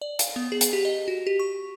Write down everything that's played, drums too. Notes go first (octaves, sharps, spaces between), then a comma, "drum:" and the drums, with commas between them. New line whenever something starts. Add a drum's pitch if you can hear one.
D5
F5, drum: hi-hat
B3
G#4
drum: hi-hat
G4
D#5
F#4
G4
C#6